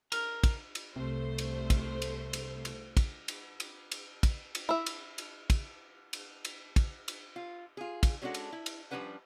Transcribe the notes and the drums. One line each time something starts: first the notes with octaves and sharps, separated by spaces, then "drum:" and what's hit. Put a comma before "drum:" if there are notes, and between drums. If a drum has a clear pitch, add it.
A#4, drum: cymbal
drum: kick, cymbal
drum: cymbal
C2 C3 A3 C5
drum: cymbal
drum: kick, cymbal
drum: cymbal
drum: cymbal
drum: cymbal
drum: kick, cymbal
drum: cymbal
drum: cymbal
drum: cymbal
drum: kick, cymbal
drum: cymbal
E4 E5
drum: cymbal
drum: cymbal
drum: kick, cymbal
drum: cymbal
drum: cymbal
drum: kick, cymbal
drum: cymbal
F4
F4 G#4
drum: kick, cymbal
G3 G#3 C#4 D4 F#4 A4
drum: cymbal
E4
drum: cymbal
F3 G3 C#4 D4 B4 F#5